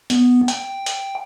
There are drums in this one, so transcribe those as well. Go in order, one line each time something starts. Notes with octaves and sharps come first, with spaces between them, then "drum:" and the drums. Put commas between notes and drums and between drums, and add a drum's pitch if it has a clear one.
B3, drum: hi-hat
G5, drum: hi-hat
drum: hi-hat